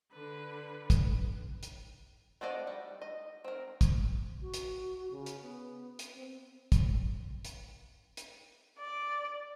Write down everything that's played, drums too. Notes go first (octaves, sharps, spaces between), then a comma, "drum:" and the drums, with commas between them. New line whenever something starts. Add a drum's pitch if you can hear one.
D3 B4
drum: kick, hi-hat
drum: hi-hat
A3 C4 D5 D#5 F#5
G3
D#5
C4 A#4
drum: kick, hi-hat
F#4
drum: hi-hat
C#3
drum: hi-hat
B3
drum: hi-hat
C4
drum: kick, hi-hat
drum: hi-hat
drum: hi-hat
D5